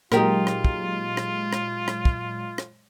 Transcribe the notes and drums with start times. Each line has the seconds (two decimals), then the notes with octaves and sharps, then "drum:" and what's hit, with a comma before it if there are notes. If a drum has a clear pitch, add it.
0.12 A#2 F#3 G#3 D#4 F4 G4 A#4, drum: rim click
0.47 drum: rim click
0.64 drum: kick
1.17 drum: rim click
1.53 drum: rim click
1.88 drum: rim click
2.05 drum: kick
2.58 drum: rim click